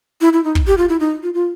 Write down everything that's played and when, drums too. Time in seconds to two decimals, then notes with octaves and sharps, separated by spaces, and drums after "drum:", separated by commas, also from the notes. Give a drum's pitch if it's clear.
0.21 E4
0.33 E4
0.44 D#4
0.55 drum: kick
0.67 G4
0.78 F4
0.89 E4
1.00 D#4
1.23 F4
1.34 F4